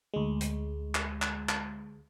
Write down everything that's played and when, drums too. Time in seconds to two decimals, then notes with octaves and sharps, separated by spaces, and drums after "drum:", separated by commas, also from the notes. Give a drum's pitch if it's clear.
0.14 D2 G#3
0.41 drum: hi-hat
0.95 drum: clap
1.22 drum: clap
1.49 drum: clap